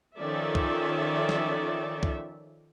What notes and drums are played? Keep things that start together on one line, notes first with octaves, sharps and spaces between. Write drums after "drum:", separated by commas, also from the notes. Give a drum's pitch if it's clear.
D#3 F3 C#4 A4 D5 E5
drum: kick C2
drum: snare
drum: kick C2